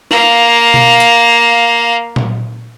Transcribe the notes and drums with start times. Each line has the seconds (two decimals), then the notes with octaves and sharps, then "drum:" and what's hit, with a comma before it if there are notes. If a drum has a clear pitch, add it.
0.11 A#3 F5, drum: snare
0.74 drum: tom B2
1.00 drum: hi-hat
2.16 drum: tom A#2